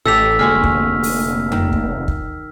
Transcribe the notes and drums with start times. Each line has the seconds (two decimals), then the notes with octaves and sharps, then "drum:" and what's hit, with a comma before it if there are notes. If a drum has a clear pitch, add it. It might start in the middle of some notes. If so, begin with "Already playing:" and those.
0.06 A1 G4 A4 E6 B6 F7
0.39 F1 D3 G#3 A#3 F#4 F6
0.64 drum: kick
1.03 drum: open hi-hat
1.52 D#3, drum: tom F2
1.73 drum: kick
2.08 drum: kick